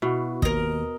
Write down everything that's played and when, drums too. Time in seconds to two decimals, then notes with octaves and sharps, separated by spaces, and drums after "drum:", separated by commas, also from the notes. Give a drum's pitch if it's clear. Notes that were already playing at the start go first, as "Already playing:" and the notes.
0.02 B2 E4 F#4
0.42 D#2 A#4 D#5, drum: kick